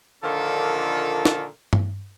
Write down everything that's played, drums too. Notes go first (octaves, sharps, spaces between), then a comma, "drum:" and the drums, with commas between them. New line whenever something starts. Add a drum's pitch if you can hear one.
A#2 D3 D#3 F3 D4 A4
drum: snare
drum: tom G2